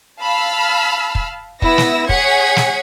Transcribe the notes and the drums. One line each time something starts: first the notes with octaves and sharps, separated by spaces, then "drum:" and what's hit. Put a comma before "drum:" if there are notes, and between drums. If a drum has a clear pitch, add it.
F5 A5 B5 E6 F6
drum: kick
B3 E4 E6 A#6, drum: kick
drum: snare
G#4 C#5 F#5 G#6 B6 C#7, drum: kick
drum: snare